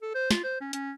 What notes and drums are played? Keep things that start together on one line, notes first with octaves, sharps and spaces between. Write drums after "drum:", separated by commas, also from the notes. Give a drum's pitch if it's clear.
A4
C5
F4, drum: snare
C5
C#4
C#4, drum: hi-hat